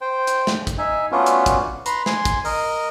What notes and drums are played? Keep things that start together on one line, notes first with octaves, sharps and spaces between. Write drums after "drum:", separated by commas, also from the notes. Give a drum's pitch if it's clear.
C5 G5
drum: hi-hat
drum: snare
drum: kick, hi-hat
D#4 E5 G#5
A3 B3 C#4 D4 F4 F#4
drum: hi-hat
drum: kick, hi-hat
B4 A#5 C6, drum: hi-hat
G#5 C6, drum: snare
drum: kick, hi-hat
A#4 D#5, drum: open hi-hat